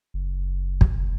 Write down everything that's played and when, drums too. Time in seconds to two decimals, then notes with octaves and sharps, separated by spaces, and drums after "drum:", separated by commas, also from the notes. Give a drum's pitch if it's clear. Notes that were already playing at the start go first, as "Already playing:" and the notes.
0.14 F#1
0.81 drum: kick